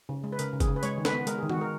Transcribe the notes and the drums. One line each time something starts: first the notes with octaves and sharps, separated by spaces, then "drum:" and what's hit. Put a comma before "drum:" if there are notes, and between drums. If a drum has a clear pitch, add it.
C#3
G#3
B4
C#3 A#4, drum: hi-hat
C#3
G#4, drum: kick, hi-hat
C#3
B4
G#3 C#5, drum: hi-hat
D#3
B4, drum: snare
B3
G#3 A#4, drum: hi-hat
D#3 G#4
F#4, drum: tom D#3
G#3 A#4